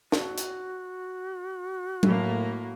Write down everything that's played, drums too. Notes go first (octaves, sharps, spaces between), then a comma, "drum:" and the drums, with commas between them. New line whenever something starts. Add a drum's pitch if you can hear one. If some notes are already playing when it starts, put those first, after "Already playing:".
F#4, drum: snare
drum: hi-hat
A2 A#3, drum: tom F#3